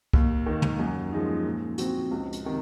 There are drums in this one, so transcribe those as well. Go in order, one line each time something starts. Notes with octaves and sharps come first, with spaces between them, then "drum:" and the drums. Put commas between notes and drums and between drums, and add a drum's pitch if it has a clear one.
D#2, drum: kick C2
D#3 A#3
drum: tom
F#2
F3 G#3 D#4
A#2
F3 C4 F#4, drum: hi-hat
C#2
drum: hi-hat
C3 D#3